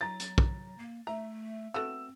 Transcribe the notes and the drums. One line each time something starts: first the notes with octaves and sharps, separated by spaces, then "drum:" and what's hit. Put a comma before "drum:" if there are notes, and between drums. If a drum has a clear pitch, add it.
F#3 A#5 A6
drum: hi-hat
drum: kick
A#3
A3 E5 A#5
A3 B3 C4 F#4 E6